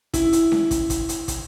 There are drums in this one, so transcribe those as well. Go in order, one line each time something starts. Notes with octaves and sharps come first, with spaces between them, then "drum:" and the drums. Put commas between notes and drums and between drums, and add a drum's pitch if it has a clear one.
E4, drum: kick, hi-hat
drum: hi-hat
drum: snare C#4
drum: kick, hi-hat
drum: kick, hi-hat
drum: hi-hat
drum: kick, hi-hat